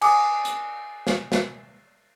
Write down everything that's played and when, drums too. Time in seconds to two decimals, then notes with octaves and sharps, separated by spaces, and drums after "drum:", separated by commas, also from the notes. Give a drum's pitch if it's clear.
0.02 G#5 D6 D#6, drum: cymbal
0.45 drum: hi-hat
1.07 drum: snare
1.32 drum: snare